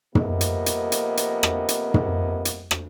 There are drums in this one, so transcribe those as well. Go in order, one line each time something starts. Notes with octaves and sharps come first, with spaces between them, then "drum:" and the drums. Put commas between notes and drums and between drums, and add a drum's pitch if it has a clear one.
F2 C3 A#3 B3 D#5, drum: tom
drum: hi-hat
drum: hi-hat
drum: hi-hat
drum: hi-hat
drum: rim click
drum: hi-hat
drum: tom
drum: hi-hat
drum: rim click